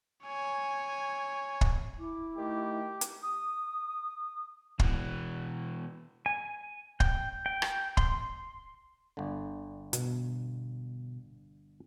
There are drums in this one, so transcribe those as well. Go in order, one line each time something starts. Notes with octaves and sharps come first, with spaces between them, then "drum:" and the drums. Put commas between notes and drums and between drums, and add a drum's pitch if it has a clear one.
C#5 G#5
drum: kick
E4 D6
D#3 A3 G4
drum: hi-hat
D#6
B2 E3, drum: kick
G#5
G5, drum: kick
G5
drum: rim click
C6, drum: kick
G1 D3
B2, drum: hi-hat